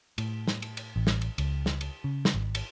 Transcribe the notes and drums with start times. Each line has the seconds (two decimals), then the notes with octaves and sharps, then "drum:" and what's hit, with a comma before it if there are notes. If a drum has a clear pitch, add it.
0.18 A2, drum: cymbal
0.48 drum: snare
0.62 drum: cymbal
0.77 drum: cymbal
0.96 A1
1.07 drum: snare
1.22 drum: cymbal
1.38 C#2, drum: cymbal
1.66 drum: snare
1.81 drum: cymbal
2.04 C#3
2.25 drum: snare
2.34 G#1
2.55 drum: cymbal